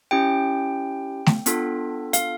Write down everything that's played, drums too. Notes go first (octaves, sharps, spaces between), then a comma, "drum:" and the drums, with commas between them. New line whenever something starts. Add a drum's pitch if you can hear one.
C#4 E4 G4 G5
drum: snare
B3 D4 F4 A4, drum: hi-hat
F5, drum: hi-hat